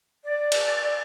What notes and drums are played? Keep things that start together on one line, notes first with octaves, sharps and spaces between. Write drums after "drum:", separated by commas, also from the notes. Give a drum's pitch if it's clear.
D5
drum: cymbal